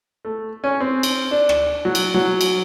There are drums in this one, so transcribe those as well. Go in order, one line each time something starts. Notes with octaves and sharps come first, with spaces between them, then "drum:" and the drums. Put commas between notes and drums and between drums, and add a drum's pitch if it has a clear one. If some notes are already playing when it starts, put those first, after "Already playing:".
A3
C#4
C4
drum: cymbal
D4
drum: rim click
F#3
drum: cymbal
F#3
drum: cymbal